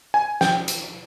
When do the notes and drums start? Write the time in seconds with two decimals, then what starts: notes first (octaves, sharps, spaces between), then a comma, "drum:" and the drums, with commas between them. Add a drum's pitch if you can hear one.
0.14 G#5
0.41 G5, drum: snare
0.68 drum: hi-hat